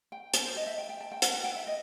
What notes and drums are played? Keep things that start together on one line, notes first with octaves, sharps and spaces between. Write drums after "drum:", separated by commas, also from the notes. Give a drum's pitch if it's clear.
G5
A5, drum: hi-hat
C5
D#5
E5
G5
G5
A5
G5
F#5, drum: hi-hat
F#5
G5
E5
D#5